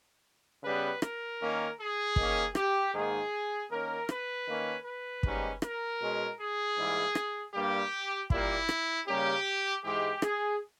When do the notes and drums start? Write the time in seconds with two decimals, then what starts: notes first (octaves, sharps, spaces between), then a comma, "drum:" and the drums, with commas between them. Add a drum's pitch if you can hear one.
0.63 C#3 G3 B3 B4
1.02 A#4, drum: rim click
1.41 D#3 A#3 C#4
1.79 G#4
2.16 D#3 A#3 C#4, drum: kick
2.55 G4, drum: rim click
2.93 G#2 D#3 A#3 G#4
3.70 D#3 A#3 C#4 A#4
4.09 B4, drum: rim click
4.46 D#3 A#3 C#4
4.85 B4
5.23 G#2 D#3 G3 A#3 C#4, drum: kick
5.62 A#4, drum: rim click
6.00 B2 G#3 C#4
6.39 G#4
6.77 G#2 E3 G3 A#3
7.15 drum: rim click
7.54 G2 G3 A#3 G4
8.30 A#2 G3 A#3 E4, drum: kick
8.69 drum: rim click
9.06 C#3 G3 A#3 C#4 G4
9.83 G#2 E3 G#3 G4
10.22 G#4, drum: rim click